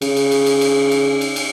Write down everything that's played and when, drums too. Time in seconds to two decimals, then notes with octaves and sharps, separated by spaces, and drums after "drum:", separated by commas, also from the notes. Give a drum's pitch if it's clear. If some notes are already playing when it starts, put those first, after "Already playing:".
0.02 C#3, drum: cymbal
0.16 drum: cymbal
0.31 drum: cymbal
0.46 drum: cymbal
0.61 drum: cymbal
0.91 drum: cymbal
1.21 drum: cymbal
1.36 drum: cymbal